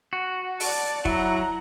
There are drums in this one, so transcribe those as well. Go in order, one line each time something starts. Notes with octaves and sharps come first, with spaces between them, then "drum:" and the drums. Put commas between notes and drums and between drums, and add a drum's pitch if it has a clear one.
F#4
D5 A5, drum: open hi-hat
F#3 E4 F#5 A#5, drum: kick